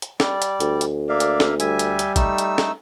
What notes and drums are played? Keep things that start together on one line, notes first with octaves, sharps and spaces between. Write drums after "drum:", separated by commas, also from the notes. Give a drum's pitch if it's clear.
drum: hi-hat
G3 D5, drum: snare
drum: hi-hat
D2, drum: hi-hat
drum: hi-hat
A#3 D5 E5 F5
drum: hi-hat
drum: snare
G3 E5 G#5, drum: hi-hat
drum: hi-hat
drum: hi-hat
A3 D#4 E6, drum: kick G#1, hi-hat
drum: hi-hat
drum: snare